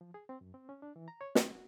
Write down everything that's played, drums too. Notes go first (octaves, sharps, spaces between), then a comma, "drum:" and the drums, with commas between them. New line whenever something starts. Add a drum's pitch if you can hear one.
F3
G#4
C4
F#2
C4
C#4
D4
E3
A#5
C#5
G5, drum: snare
F#4